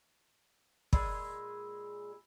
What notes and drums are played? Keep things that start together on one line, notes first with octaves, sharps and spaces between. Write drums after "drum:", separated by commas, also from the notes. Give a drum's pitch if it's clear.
A#2 G#3 G#4 B5 E6, drum: kick